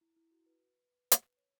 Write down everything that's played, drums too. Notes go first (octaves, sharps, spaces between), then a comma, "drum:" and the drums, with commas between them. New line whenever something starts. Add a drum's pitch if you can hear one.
E4
E4
F#4
B4
drum: hi-hat
C#5